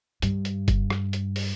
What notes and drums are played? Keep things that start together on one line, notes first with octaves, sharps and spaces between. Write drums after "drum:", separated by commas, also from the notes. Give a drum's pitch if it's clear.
G2, drum: hi-hat
drum: hi-hat
drum: kick F#1, hi-hat
drum: rim click
drum: hi-hat
drum: open hi-hat